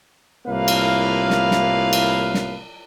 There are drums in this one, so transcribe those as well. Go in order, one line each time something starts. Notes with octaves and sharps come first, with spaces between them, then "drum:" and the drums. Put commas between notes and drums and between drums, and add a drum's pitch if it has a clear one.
C2 A2 A#3 F4 B4 F5
drum: cymbal
drum: snare
drum: snare
drum: cymbal
drum: snare